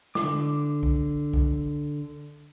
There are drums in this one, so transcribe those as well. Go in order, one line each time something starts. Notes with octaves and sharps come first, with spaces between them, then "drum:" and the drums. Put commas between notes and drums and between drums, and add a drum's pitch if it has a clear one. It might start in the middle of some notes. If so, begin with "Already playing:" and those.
D3 D6, drum: snare
drum: kick C2
drum: kick C2